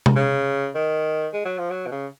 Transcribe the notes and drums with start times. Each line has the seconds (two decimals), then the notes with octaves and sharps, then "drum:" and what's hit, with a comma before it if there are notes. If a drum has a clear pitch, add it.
0.06 drum: tom C3
0.16 C#3
0.75 D#3
1.34 G#3
1.45 F#3
1.58 F3
1.70 F#3
1.86 B2
1.92 C#3